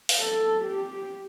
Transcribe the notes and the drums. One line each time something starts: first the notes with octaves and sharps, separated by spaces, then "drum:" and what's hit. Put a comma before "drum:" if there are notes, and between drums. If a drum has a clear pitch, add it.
drum: open hi-hat
A4
G4